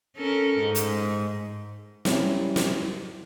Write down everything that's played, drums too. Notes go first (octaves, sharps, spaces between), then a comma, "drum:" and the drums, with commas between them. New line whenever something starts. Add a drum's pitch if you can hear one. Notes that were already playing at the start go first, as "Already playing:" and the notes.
C#4 A4 A#4
G#2
drum: hi-hat
F#3 G3 C#4 E4, drum: snare
drum: snare